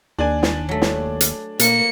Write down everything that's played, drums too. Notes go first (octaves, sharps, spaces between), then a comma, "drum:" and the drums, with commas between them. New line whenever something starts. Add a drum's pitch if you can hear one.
D#2 D4 D5 G#5
drum: snare
F#3 A3
drum: snare
drum: hi-hat
A#2 A#3 C#7, drum: hi-hat